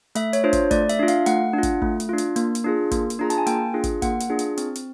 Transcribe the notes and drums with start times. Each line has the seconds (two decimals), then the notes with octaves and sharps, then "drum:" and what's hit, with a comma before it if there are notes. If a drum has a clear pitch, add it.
0.15 A3 E5, drum: hi-hat
0.33 C#5, drum: hi-hat
0.44 D4 F4 C5
0.53 drum: kick, hi-hat
0.71 A3 D5, drum: kick, hi-hat
0.89 E5, drum: hi-hat
0.99 D4 F4
1.08 F5, drum: hi-hat
1.26 A3 F#5, drum: hi-hat
1.53 D4 F4
1.63 drum: kick, hi-hat
1.82 A3, drum: kick
2.00 drum: hi-hat
2.09 D4 F4
2.18 drum: hi-hat
2.36 A#3, drum: hi-hat
2.55 drum: hi-hat
2.64 D4 F4 G#4
2.91 A#3, drum: kick, hi-hat
3.10 drum: hi-hat
3.19 D4 F4 G#4 A#5
3.30 A5, drum: hi-hat
3.38 G#5
3.47 A#3 G5, drum: hi-hat
3.74 D4 F4 G#4
3.84 drum: kick, hi-hat
4.02 A#3 F#5, drum: kick, hi-hat
4.20 drum: hi-hat
4.30 D4 F4 G#4
4.39 drum: hi-hat
4.57 C4, drum: hi-hat
4.75 drum: hi-hat